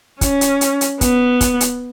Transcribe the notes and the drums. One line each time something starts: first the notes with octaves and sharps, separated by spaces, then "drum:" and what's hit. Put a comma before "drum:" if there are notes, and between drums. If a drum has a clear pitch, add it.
C#4, drum: kick, hi-hat
drum: hi-hat
drum: hi-hat
drum: hi-hat
B3, drum: kick, hi-hat
drum: kick, hi-hat
drum: hi-hat